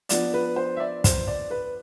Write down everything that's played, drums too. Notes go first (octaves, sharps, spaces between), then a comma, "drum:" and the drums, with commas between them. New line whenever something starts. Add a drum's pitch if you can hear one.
F3 B3 D4 D5, drum: hi-hat
B4
C5
E5
D5
C5, drum: kick, hi-hat
D5
B4